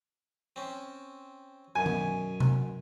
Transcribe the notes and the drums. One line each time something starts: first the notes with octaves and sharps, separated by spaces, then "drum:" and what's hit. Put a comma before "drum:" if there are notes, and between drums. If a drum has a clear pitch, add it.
C4 C#4
F#2 B2 G#5
drum: tom D#3
drum: tom C3